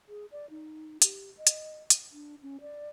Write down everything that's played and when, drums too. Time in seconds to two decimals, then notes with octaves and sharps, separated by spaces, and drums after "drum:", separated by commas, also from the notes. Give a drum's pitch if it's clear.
0.09 G#4
0.32 D5
0.50 D#4
1.02 G4, drum: hi-hat
1.37 D#5
1.47 drum: hi-hat
1.90 drum: hi-hat
2.12 D4
2.42 C#4
2.61 D5